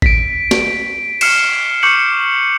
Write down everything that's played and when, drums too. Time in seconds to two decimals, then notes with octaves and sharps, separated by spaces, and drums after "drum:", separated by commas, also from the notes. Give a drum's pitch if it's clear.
0.02 B6 D7, drum: kick A1
0.51 drum: snare
1.21 F6 C7 C#7 E7, drum: cymbal
1.83 C#6 D6 G6 C#7 F#7